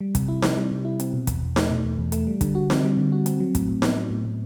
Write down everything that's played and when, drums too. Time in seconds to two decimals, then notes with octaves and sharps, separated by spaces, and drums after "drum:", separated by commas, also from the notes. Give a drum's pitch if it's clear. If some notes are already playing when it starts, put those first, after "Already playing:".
0.01 G3
0.15 C3, drum: kick, hi-hat
0.28 E4
0.42 C4, drum: snare D#4
0.57 G3
0.72 C3
0.85 E4
1.00 C4, drum: hi-hat
1.13 B2
1.27 E2, drum: kick, hi-hat
1.42 E2
1.56 A3, drum: snare D#4
1.70 B2
1.84 E2
1.98 E2
2.12 A3, drum: hi-hat
2.27 G3
2.41 D3, drum: kick, hi-hat
2.55 F#4
2.70 C4, drum: snare D#4
2.84 G3
2.97 D3
3.12 F#4
3.26 C4, drum: hi-hat
3.40 F#3
3.55 A2, drum: kick, hi-hat
3.69 A2
3.82 B3, drum: snare D#4
3.97 F#3
4.11 A2
4.25 A2